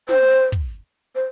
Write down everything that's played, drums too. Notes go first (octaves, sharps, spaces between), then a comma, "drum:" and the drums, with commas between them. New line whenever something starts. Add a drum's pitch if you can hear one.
C5, drum: snare
drum: kick
C5